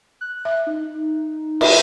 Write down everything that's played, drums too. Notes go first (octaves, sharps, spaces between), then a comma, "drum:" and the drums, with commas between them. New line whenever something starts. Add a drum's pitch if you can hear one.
F#6
E5
D#4
E5, drum: cymbal